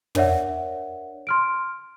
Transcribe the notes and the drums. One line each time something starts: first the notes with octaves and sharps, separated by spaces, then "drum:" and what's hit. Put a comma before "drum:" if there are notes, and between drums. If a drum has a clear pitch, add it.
D4 A#4 C#5 D5 E5 F#5, drum: tom
C6 F6 D7